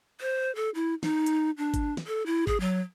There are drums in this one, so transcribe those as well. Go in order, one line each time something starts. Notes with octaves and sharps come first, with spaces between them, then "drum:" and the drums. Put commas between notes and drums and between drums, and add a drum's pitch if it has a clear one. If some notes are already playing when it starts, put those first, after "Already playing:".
C5
A4
E4
D#4, drum: snare
drum: hi-hat
D4
drum: kick G#1, hi-hat
drum: snare
A4
E4
G#4, drum: kick G#1
F#3